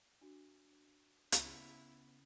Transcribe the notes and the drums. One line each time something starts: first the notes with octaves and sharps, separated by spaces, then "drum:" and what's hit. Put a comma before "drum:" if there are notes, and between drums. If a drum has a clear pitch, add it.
D4 F#4
C#3 B3 E4, drum: hi-hat